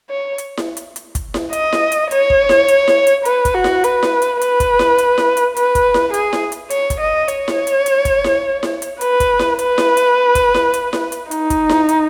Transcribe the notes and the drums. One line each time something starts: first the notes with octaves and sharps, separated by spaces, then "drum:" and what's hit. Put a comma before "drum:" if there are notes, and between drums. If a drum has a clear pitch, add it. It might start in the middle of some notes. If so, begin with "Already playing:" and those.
C#5
drum: hi-hat
drum: snare E4
drum: hi-hat
drum: hi-hat
drum: kick, hi-hat
drum: snare E4
D#5, drum: hi-hat
drum: snare E4
drum: hi-hat
C#5, drum: hi-hat
drum: kick
drum: snare E4
drum: hi-hat
drum: snare E4
drum: hi-hat
B4, drum: hi-hat
drum: kick, hi-hat
F#4
drum: snare E4
B4, drum: hi-hat
drum: snare E4
drum: hi-hat
B4, drum: hi-hat
drum: kick, hi-hat
drum: snare E4
drum: hi-hat
drum: snare E4
drum: hi-hat
B4, drum: hi-hat
drum: kick, hi-hat
drum: snare E4
G#4, drum: hi-hat
drum: snare E4
drum: hi-hat
C#5, drum: hi-hat
drum: kick, hi-hat
D#5
C#5, drum: hi-hat
drum: snare E4
drum: hi-hat
drum: hi-hat
drum: kick, hi-hat
drum: snare E4
drum: snare E4
drum: hi-hat
B4, drum: hi-hat
drum: kick, hi-hat
drum: snare E4
B4, drum: hi-hat
drum: snare E4
drum: hi-hat
drum: kick, hi-hat
drum: snare E4
drum: hi-hat
drum: snare E4
drum: hi-hat
D#4, drum: hi-hat
drum: kick, hi-hat
drum: snare E4
drum: hi-hat